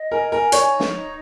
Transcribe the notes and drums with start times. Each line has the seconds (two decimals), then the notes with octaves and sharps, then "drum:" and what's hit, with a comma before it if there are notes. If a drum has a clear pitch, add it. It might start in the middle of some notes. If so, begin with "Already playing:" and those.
Already playing: D#5
0.11 A#4 G#5
0.32 A#4
0.52 D#4 C#5, drum: hi-hat
0.80 drum: snare
0.93 D#4